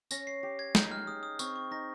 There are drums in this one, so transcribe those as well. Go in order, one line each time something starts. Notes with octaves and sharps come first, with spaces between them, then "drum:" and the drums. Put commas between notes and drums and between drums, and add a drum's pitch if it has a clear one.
C#4 A#6, drum: tambourine
C7
G4
G#6
D#4 G6, drum: snare
F6
G#4 D#6
D#6
C4 C#6, drum: tambourine
C#6
D#4 A#6